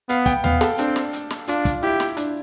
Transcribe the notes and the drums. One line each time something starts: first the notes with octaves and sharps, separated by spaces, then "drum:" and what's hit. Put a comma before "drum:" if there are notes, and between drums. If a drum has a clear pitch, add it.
B3 F5, drum: hi-hat
G5, drum: kick, hi-hat
B3 F5, drum: tom D#2
A4, drum: snare
C4 D4, drum: hi-hat
drum: snare
drum: hi-hat
drum: snare
D4 F4, drum: hi-hat
drum: kick, hi-hat
E4 G4
drum: snare
D4, drum: hi-hat